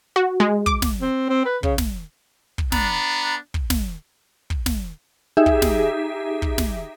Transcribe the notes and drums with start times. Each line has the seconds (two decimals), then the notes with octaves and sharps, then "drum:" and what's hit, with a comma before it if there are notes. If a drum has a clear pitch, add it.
0.16 F#4
0.40 G#3
0.66 D6, drum: kick
0.82 drum: snare
1.01 C4
1.29 C4
1.45 B4
1.63 C#3, drum: kick
1.78 drum: snare
2.58 drum: kick
2.72 B3 D4 A#5 B5, drum: snare
3.54 drum: kick
3.70 drum: snare
4.50 drum: kick
4.66 drum: snare
5.37 D#4 G4 G#4 E5
5.46 drum: kick
5.62 drum: snare
6.42 drum: kick
6.58 drum: snare